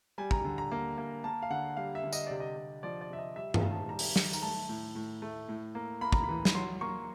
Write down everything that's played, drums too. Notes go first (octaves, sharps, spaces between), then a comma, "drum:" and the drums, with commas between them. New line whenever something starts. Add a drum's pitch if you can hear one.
G3 G#5
A#5, drum: kick
D3
A#5
A#3
A#3
A#3 A5
F5
D3 F#5
G3 F5
E5
D3
D#5, drum: tambourine
C3 D5
D#5
C3
F3 D5
D5
C3 E5
D#5
G3 E5
F5, drum: tom G2
D#3
A5
G3 A#5
drum: open hi-hat
D#3, drum: snare
A#5, drum: tambourine
A3 A5
A2
A2
A3
A2
A#3
A#3 B5
A#5, drum: kick
B5
E3
drum: snare
F#3 C6
A#3 C#6